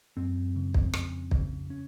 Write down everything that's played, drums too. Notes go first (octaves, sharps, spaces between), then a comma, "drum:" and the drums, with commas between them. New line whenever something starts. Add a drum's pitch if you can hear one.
F#2 C4
C#3
drum: kick
F2, drum: rim click
C#3, drum: kick
C#4